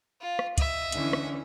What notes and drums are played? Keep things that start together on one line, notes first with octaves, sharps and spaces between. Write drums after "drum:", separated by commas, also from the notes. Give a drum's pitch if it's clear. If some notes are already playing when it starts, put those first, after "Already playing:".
F4
drum: rim click
D#5 E5, drum: kick, hi-hat
D3 E3 C#4, drum: hi-hat
drum: rim click